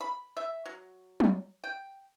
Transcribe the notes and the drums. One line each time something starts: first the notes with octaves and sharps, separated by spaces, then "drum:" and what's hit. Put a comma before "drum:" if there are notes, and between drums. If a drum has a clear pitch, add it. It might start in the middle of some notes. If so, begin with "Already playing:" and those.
B5
E5
F#3
drum: tom F#3
G5